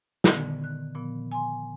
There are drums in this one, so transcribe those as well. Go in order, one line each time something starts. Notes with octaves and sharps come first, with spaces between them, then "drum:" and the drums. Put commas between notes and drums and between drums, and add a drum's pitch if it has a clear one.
A#2 D3 D#3 B3, drum: snare
F#6
A#2 F3 B3
G#5 C6